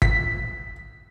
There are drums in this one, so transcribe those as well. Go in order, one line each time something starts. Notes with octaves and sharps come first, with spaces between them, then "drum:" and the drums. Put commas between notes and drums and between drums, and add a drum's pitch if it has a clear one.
B6, drum: kick